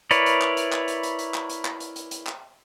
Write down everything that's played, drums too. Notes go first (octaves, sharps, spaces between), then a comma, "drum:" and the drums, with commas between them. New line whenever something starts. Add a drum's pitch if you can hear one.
E4 A#4 B4 C#5 D5, drum: hi-hat
drum: hi-hat
drum: clap
drum: hi-hat
drum: clap
drum: hi-hat
drum: hi-hat
drum: hi-hat
drum: clap
drum: hi-hat
drum: clap
drum: hi-hat
drum: hi-hat
drum: hi-hat
drum: clap